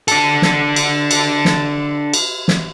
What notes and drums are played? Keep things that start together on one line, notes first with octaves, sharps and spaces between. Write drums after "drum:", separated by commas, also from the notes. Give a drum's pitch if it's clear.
D4 A4, drum: cymbal
drum: snare
drum: cymbal
drum: cymbal
drum: snare
drum: cymbal
drum: snare